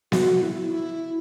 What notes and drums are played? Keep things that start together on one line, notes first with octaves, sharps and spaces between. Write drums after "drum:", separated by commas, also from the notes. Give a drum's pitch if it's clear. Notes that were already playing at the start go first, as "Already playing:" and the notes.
F#4, drum: snare B3
E4
E4